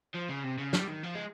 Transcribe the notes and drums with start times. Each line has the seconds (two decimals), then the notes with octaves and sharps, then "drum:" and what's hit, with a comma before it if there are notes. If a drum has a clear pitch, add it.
0.15 F3
0.30 C#3
0.44 C3
0.59 C#3
0.73 G3, drum: snare
0.88 D#3
1.03 F3
1.15 G#3